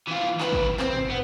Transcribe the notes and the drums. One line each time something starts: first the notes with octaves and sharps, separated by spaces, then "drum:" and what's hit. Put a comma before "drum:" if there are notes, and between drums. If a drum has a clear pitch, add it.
E3 F4
D#3 B4, drum: clap
drum: kick
C4, drum: clap
drum: tom
B3